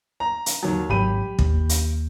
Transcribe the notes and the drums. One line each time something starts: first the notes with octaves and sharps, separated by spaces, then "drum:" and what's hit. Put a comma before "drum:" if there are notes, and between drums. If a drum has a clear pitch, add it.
A#5
drum: hi-hat
D#2 F#3
G#1 F#3 G4 B5 D#7
D#2, drum: kick
drum: hi-hat